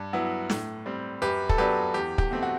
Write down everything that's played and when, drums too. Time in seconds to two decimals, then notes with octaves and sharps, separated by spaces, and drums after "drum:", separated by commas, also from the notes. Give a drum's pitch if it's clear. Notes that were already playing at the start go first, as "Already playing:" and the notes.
Already playing: G2
0.13 F#3 B3 E4
0.50 A2, drum: snare
0.86 G3 C4
1.22 F#2 G4 B4
1.49 A4, drum: kick
1.58 F#3 B3 D4 G4 B4
1.94 E2 G4
2.18 G4, drum: kick
2.31 B2 A3 C4
2.43 F#4